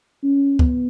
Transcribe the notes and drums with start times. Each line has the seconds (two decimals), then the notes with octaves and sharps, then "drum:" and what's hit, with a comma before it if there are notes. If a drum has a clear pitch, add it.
0.24 C#4
0.59 B3, drum: kick C#2